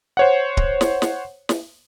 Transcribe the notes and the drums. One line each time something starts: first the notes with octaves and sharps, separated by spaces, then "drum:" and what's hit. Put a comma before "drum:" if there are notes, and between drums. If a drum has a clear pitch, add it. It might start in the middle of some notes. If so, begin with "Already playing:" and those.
C5 C#5 F#5
drum: kick D1
drum: snare
drum: snare
drum: snare